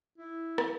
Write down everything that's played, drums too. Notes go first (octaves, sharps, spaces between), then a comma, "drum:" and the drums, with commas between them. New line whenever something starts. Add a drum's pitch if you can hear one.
E4
drum: rim click